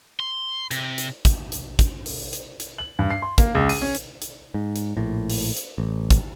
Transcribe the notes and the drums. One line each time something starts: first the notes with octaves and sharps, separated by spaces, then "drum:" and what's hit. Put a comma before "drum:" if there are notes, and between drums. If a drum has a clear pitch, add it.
C6
C3, drum: hi-hat
drum: hi-hat
drum: kick, hi-hat
drum: hi-hat
drum: kick, hi-hat
drum: open hi-hat
drum: hi-hat
drum: hi-hat
F#7
G2
C7
C6
A#3, drum: kick, hi-hat
C#2
D#7, drum: open hi-hat
C#4
drum: hi-hat
drum: hi-hat
G#2
drum: hi-hat
A#1 A2
drum: open hi-hat
drum: hi-hat
A1
drum: kick, hi-hat